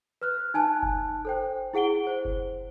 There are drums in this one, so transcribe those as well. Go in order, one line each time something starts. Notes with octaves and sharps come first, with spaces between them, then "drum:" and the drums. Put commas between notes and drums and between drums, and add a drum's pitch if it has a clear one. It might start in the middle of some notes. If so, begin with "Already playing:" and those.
B4 F6 F#6
D#4 G#5 A5 F#6
drum: kick F#1
A4 C5 G5
E4 G#4 F#5 D7 G7
C5
drum: kick F#1